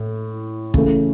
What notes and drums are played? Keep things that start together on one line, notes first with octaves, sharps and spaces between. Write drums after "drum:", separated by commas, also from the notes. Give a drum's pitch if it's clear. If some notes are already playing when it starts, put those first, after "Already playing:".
Already playing: A2
C#3 E3 A3, drum: kick